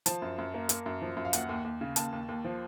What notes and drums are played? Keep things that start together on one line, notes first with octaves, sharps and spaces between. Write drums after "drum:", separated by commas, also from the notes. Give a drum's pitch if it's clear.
F3 A5, drum: hi-hat
F#2
F#2
A#3
A#3, drum: hi-hat
F#2
F3
F#2
F5
D#2 F#5, drum: hi-hat
D#2
D#2
C#3
D#2 A5, drum: hi-hat
D#2
D#2
F3